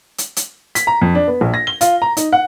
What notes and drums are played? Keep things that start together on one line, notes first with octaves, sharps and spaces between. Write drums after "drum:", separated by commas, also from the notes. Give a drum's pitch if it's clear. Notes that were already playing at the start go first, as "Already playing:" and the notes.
drum: hi-hat
drum: hi-hat
B6, drum: hi-hat
A#5
F2
D4
B3
A#1
A#6
G7
F4, drum: hi-hat
A#5
D#4, drum: hi-hat
F#5